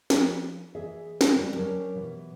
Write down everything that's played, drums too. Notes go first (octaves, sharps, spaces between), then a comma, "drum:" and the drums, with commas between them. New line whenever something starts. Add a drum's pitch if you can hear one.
F3, drum: snare
E3 G#4 D#5 E5
drum: snare
D3 G3 G#3
F#3 C#4 G4 A#4 A5
B2 E3